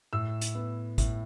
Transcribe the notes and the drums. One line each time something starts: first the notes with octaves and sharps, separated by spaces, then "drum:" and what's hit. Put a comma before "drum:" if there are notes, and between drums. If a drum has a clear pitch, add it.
A2 E6
drum: hi-hat
B3
A2, drum: kick, hi-hat